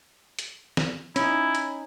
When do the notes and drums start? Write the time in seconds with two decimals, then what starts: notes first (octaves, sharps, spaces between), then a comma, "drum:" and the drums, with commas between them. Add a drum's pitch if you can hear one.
0.39 drum: hi-hat
0.77 drum: snare
1.16 C#4 D#4 E4, drum: hi-hat
1.55 drum: hi-hat